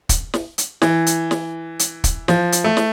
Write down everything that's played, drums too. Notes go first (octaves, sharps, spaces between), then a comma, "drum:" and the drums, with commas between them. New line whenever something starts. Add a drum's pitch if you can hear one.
drum: kick, hi-hat
drum: snare
drum: hi-hat
E3, drum: snare
drum: hi-hat
drum: snare
drum: hi-hat
drum: kick, hi-hat
F3, drum: snare
drum: hi-hat
A3
drum: snare